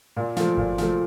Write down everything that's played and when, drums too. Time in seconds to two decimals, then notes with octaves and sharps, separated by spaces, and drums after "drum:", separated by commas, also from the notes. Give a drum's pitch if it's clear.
0.16 A#2
0.36 F3 A3, drum: snare
0.57 A#2, drum: kick G1
0.78 F3 A3, drum: snare